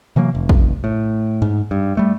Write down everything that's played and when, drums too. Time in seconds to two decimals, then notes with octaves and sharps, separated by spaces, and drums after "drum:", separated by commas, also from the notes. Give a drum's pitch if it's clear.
0.16 C3 E3 F#3 A#3
0.35 F1
0.49 drum: kick
0.84 A2
1.42 G#2
1.71 G2
1.97 G3 A3